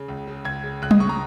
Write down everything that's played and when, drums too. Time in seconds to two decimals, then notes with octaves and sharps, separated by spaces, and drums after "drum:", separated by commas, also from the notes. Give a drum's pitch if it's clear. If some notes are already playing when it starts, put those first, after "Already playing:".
Already playing: C#3
0.08 C#2
0.27 C#3
0.45 C#2 G#6
0.64 C#3
0.82 C#2 F#6
0.91 D#6, drum: tom G3
1.00 C#3 C#6
1.09 A#5